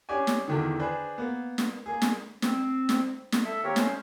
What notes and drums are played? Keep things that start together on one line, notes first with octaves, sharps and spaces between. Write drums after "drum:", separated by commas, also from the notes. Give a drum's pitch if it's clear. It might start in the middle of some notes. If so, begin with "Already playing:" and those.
C#4 D4 G4 D5 G#5
drum: snare
E2 D3 D#3
D4 G#4 B4 C5
A#3 B3
drum: snare
A#3 G#4
drum: snare
C4, drum: snare
drum: snare
drum: snare
A4 E5
D#3 A#3 C4 G4 A#4 C#5
A3 C#4 C5, drum: snare